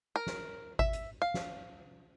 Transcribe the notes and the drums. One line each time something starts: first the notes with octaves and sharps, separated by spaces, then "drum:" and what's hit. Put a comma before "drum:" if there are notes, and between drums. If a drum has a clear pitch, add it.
A#4
drum: snare
E5, drum: kick G#1
drum: hi-hat
F5
drum: snare